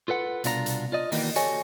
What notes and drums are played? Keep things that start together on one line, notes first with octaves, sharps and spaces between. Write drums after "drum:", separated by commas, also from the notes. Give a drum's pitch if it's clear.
F4 A4 B4 F#5
C2 B2 D4 F4 A#4 A#5, drum: hi-hat
drum: hi-hat
F4 D5 D#5
D#3 E3 A#3 D#4 F#4 G4, drum: open hi-hat
F#4 G4 A4 C#5 D#5 G#5, drum: hi-hat